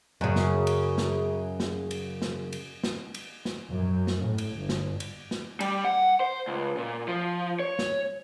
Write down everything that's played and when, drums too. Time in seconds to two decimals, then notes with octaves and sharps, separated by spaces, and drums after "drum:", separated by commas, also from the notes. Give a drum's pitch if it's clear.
0.21 F#2 C#3
0.36 drum: snare
0.67 drum: cymbal
0.98 drum: snare
1.60 drum: snare
1.91 drum: cymbal
2.22 drum: snare
2.53 drum: cymbal
2.84 drum: snare
3.14 drum: cymbal
3.45 drum: snare
3.73 F#2
4.07 drum: snare
4.23 A2
4.38 drum: cymbal
4.54 G1
4.69 drum: snare
5.00 drum: cymbal
5.31 drum: snare
5.60 G3, drum: cymbal
5.84 F#5
6.20 C5
6.47 C#2
6.77 A#2
7.08 F3
7.60 C#5
7.79 drum: snare